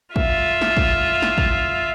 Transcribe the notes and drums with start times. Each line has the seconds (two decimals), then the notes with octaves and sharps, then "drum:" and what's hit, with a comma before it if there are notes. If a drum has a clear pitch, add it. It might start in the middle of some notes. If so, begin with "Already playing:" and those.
0.16 F4 E5, drum: kick
0.61 drum: snare
0.77 drum: kick
1.22 drum: snare
1.38 drum: kick